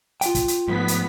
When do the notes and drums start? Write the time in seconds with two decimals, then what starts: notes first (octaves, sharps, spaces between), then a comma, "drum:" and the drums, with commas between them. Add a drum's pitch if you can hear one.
0.21 F4 G5, drum: hi-hat
0.35 drum: kick, hi-hat
0.48 drum: hi-hat
0.68 G#2 F3 A3 B3 B6
0.88 drum: hi-hat